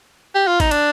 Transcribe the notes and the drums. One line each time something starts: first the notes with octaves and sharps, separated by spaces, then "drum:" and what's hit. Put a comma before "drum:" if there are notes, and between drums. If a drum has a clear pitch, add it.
G4
F4
D#4, drum: kick, cymbal
D4, drum: cymbal